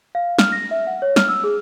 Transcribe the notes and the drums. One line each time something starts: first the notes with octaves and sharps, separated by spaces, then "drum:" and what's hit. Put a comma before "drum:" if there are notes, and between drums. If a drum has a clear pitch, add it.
F5
F6, drum: snare
A#6
E5
F#5
C#5
F6, drum: snare
E6
G#4